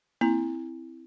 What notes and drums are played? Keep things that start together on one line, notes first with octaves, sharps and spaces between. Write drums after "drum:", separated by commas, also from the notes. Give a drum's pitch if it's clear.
C4 E4 A#5, drum: tom A#3